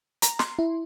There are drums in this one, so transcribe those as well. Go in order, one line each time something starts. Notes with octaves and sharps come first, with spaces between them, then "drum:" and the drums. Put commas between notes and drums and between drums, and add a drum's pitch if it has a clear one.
A#5, drum: hi-hat
C6, drum: snare
E4